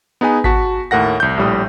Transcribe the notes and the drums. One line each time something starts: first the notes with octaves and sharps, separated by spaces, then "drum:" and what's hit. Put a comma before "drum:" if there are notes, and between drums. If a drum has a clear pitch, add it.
B3 D#4 G#4 B4 G#5
F#4 A5 B6, drum: kick G#1
D#2 A2 A#4 F#5 A#6
C2 G6
A#1 A2 G3 D#6